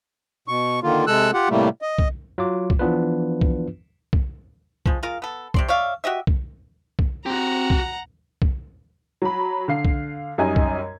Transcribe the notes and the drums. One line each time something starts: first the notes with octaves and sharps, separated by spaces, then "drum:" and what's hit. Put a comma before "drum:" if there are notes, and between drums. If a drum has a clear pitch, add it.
B2 C#6
D3 D#3 A#3 F4
C3 G#3 A4 E6 F#6
F4 G4 F#5
A2 C3 G3 A3 A#3
D#5
drum: kick B1
F#3 F4 D6
drum: kick B1
E3 F3 B3 D4 F4 B4
drum: kick B1
drum: kick B1
F3 G#3, drum: kick B1
G#3 F4 A#4 F5
B3 A4
C3 D5 C6, drum: kick B1
C#5 D5 E5 F5
F#4 G4 D#5 E5
drum: kick B1
drum: kick B1
C4 F#4 G4 F#5 A#5
drum: kick B1
drum: kick B1
F#3 B5
D3 F5 C7
drum: kick B1
F#2 G3 D#4 D#5 G#5 G#6
drum: kick B1